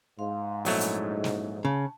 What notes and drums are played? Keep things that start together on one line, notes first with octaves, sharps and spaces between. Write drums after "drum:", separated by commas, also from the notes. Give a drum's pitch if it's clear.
G#2 F5 C6
A#1 F#3 A3 C#4 E4 D#5, drum: open hi-hat
drum: hi-hat
drum: snare
C#3 A5